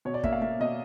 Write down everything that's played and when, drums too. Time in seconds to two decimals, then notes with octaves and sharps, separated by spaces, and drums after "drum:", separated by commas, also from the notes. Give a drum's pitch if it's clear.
0.05 B2 C#5
0.14 D5
0.23 A#3 E5, drum: kick
0.32 F5
0.42 A#3 E5
0.60 B2 D#5